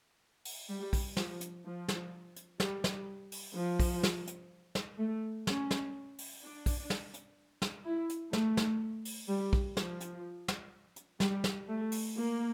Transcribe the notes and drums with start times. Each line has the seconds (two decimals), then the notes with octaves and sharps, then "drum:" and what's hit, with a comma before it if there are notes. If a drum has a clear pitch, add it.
0.45 drum: open hi-hat
0.69 G3
0.93 drum: kick, open hi-hat
1.17 F3, drum: snare
1.41 drum: hi-hat
1.64 F3
1.88 drum: snare
2.36 drum: hi-hat
2.60 G3, drum: snare
2.84 drum: snare
3.32 drum: open hi-hat
3.56 F3
3.80 drum: kick, open hi-hat
4.03 drum: snare
4.27 drum: hi-hat
4.75 drum: snare
4.99 A3
5.47 C#4, drum: snare
5.71 drum: snare
6.18 drum: open hi-hat
6.42 D4
6.66 drum: kick, open hi-hat
6.90 drum: snare
7.14 drum: hi-hat
7.62 drum: snare
7.86 E4
8.09 drum: hi-hat
8.33 A3, drum: snare
8.57 drum: snare
9.05 drum: open hi-hat
9.28 G3
9.53 drum: kick
9.77 F3, drum: snare
10.01 drum: hi-hat
10.48 drum: snare
10.96 drum: hi-hat
11.20 G3, drum: snare
11.44 drum: snare
11.68 A3
11.92 drum: open hi-hat
12.16 A#3